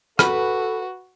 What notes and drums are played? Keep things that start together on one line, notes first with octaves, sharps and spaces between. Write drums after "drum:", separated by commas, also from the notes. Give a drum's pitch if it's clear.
F#4 A4 B4, drum: rim click